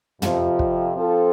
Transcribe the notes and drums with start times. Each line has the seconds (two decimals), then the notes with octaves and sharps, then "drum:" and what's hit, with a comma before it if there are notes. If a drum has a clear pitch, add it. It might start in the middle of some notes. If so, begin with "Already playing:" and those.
0.22 F2 C3 F3, drum: tom
0.59 drum: kick
0.96 F3 C4 F4 A4